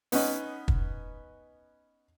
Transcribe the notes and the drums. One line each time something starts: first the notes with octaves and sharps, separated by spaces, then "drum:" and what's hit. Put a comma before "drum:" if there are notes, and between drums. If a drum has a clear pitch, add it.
B3 C#4 D#4, drum: open hi-hat
drum: kick